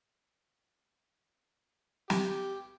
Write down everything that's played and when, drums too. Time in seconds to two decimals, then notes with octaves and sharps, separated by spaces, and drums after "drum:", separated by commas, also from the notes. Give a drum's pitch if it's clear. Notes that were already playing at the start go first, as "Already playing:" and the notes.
2.10 G4, drum: snare